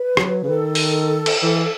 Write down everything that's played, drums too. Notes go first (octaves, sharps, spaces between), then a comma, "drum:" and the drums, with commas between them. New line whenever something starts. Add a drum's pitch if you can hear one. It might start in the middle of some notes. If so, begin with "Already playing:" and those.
Already playing: B4
F#3, drum: rim click
C#3 G#4
D#3 A4
drum: open hi-hat
drum: cymbal
E3